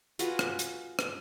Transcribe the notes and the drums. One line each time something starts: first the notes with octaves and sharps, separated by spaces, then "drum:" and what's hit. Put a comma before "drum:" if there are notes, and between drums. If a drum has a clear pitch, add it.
F4 F#4 G#4 B4, drum: hi-hat
drum: rim click
drum: hi-hat
drum: rim click